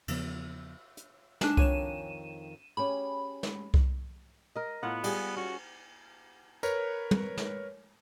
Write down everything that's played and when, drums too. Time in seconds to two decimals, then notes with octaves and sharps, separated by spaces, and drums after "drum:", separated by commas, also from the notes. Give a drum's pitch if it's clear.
0.08 E2 C#3 F3 B3, drum: cymbal
0.97 drum: hi-hat
1.41 D4 G#5 E7, drum: snare
1.57 F2 D#3 C#5 D#7 E7, drum: kick C2
2.77 C#4 G4 G#4 B5
3.43 drum: snare
3.74 drum: kick C2
4.56 A#4 D#5
4.83 A2 B3 F4 F#5
5.04 G3 G#4, drum: cymbal
5.37 C#4 F#4
6.63 A#4 B4 C#5, drum: tambourine
7.11 drum: tom
7.37 drum: snare